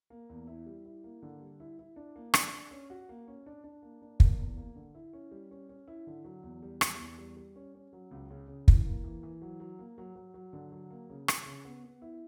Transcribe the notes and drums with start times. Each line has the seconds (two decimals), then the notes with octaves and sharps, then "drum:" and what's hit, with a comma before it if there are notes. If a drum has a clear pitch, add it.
0.10 A#3
0.29 E2
0.47 E4
0.66 G3
0.85 E4
1.04 A#3
1.22 D3
1.41 G3
1.60 E4
1.79 E4
1.96 D4
2.16 A#3
2.34 D4, drum: rim click
2.52 D4
2.71 C#4
2.90 F#4
3.09 A#3
3.28 C#4
3.46 D4
3.64 D4
3.83 A#3
4.02 D4
4.20 A#3, drum: kick
4.39 E2
4.57 A#3
4.76 D3
4.94 E4
5.13 C#4
5.31 G3
5.51 C#4
5.69 C#4
5.88 E4
6.07 D3
6.24 F#3
6.43 E2
6.63 G3
6.81 E2, drum: rim click
6.99 E2
7.18 G3
7.37 G3
7.56 C#4
7.75 C#4
7.93 F#3
8.11 C#2
8.30 C#3
8.48 C#3
8.68 E3, drum: kick
8.85 A#3
9.04 E3
9.23 E3
9.42 F#3
9.60 F#3
9.79 A#3
9.98 F#3
10.15 F#3
10.34 F#3
10.53 D3
10.72 F#3
10.90 A#3
11.10 C#3
11.28 C#3, drum: rim click
11.46 C#3
11.65 B3
11.84 B3
12.02 E4